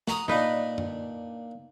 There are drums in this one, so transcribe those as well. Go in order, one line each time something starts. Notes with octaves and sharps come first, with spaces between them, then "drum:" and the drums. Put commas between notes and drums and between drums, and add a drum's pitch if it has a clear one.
F#4 A#5 D#6, drum: snare
A#2 D4 D#4 B4
drum: tom F#2